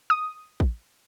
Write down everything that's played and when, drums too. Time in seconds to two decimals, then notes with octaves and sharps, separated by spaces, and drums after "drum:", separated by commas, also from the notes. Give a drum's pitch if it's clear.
0.10 D#6
0.60 drum: kick